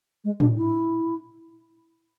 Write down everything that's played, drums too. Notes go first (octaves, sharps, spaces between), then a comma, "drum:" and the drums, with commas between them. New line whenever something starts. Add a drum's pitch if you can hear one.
G#3
D4, drum: tom A2
E4